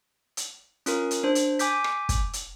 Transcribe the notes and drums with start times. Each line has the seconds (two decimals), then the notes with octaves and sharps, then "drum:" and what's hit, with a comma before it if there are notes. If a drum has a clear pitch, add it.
0.37 drum: hi-hat
0.86 C#4 F4 A#4, drum: hi-hat
1.11 drum: hi-hat
1.24 D4 C5
1.35 drum: hi-hat
1.59 G#5 D6 G6 B6, drum: hi-hat
1.84 drum: rim click
2.09 drum: kick, hi-hat
2.33 drum: hi-hat